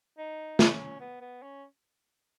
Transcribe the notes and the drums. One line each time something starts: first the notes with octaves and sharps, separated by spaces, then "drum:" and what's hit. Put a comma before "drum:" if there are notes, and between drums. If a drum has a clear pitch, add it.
D#4
C#4, drum: snare
B3
B3
C#4